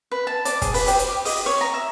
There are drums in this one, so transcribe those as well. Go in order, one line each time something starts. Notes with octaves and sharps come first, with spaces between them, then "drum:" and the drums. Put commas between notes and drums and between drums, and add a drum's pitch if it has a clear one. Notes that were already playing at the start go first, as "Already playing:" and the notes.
B4
A5
D5, drum: hi-hat
G#4, drum: kick, hi-hat
B4, drum: open hi-hat
G4, drum: hi-hat
drum: hi-hat
D6
D#5, drum: open hi-hat
C#5
A#5
E5